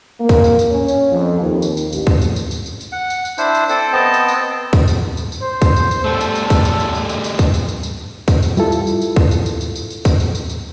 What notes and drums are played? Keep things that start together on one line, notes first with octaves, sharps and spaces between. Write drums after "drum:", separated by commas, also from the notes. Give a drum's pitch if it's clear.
A#3
drum: kick, tambourine
drum: tambourine
drum: tambourine
C#4
drum: tambourine
F2
D#2
drum: tambourine
drum: tambourine
A1, drum: tambourine
drum: kick
drum: tambourine
drum: tambourine
drum: tambourine
drum: tambourine
drum: tambourine
F#5
drum: tambourine
drum: tambourine
D4 E4 C5, drum: tambourine
drum: tambourine
C4 A4 C5, drum: tambourine
B3 C4 D#5 A5
drum: tambourine
drum: tambourine
drum: kick, tambourine
drum: tambourine
drum: tambourine
drum: tambourine
C5
drum: kick, tambourine
drum: tambourine
drum: tambourine
G3 A3 A4
drum: tambourine
drum: tambourine
drum: kick, tambourine
drum: tambourine
drum: tambourine
drum: tambourine
drum: tambourine
drum: tambourine
drum: kick, tambourine
drum: tambourine
drum: tambourine
drum: tambourine
drum: kick, tambourine
drum: tambourine
G3 E4 F4 A4, drum: tambourine
drum: tambourine
drum: tambourine
drum: tambourine
drum: kick
drum: tambourine
drum: tambourine
drum: tambourine
drum: tambourine
drum: tambourine
drum: kick, tambourine
drum: tambourine
drum: tambourine
drum: tambourine